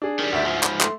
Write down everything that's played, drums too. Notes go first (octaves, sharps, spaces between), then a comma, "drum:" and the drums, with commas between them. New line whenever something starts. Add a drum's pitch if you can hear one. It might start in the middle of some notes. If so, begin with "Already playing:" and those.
D4 G#4
D#3 G3
D2 E5
G#2 F3
B5, drum: clap
A3 C6, drum: clap